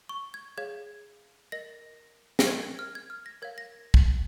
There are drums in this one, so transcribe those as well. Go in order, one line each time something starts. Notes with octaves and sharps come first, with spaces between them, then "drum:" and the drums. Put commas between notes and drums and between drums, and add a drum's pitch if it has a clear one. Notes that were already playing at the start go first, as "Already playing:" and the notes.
C#6
G#6
G#4 C#5 F5 G#6
A#4 D#5 A#6
A#6, drum: snare
A#4 D#5 G#6
G#6
F6
G#6
F6
A#6
A#4 C#5 F5 G#6
A#6
drum: kick